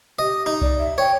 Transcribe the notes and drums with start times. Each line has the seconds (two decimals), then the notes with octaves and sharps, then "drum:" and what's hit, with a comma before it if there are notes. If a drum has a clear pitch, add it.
0.19 G4 D#5
0.46 D#4
0.61 D5, drum: kick C2
0.78 E5
0.98 C#5 G5